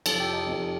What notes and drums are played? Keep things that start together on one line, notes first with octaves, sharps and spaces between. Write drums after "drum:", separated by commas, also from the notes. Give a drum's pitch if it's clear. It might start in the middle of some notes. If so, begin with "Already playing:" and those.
F2 C3 F3 A4, drum: cymbal
G4
D#4
F2 C3 F3 D#4